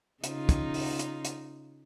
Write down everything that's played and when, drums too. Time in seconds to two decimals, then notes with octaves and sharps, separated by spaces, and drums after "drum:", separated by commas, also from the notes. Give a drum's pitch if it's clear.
0.24 C#3 D#4 F4, drum: hi-hat
0.49 drum: kick, hi-hat
0.74 drum: open hi-hat
0.99 drum: hi-hat
1.25 drum: hi-hat